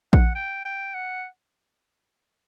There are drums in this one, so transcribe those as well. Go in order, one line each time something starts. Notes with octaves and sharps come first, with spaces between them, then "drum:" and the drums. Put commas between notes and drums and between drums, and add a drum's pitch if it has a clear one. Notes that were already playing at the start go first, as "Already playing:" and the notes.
F#5, drum: kick A#1
G5
G5
F#5